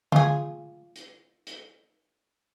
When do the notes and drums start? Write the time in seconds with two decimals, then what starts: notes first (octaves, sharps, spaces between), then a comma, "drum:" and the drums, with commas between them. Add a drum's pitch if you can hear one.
0.12 F4 G#4, drum: tom D3
0.96 drum: hi-hat
1.47 drum: hi-hat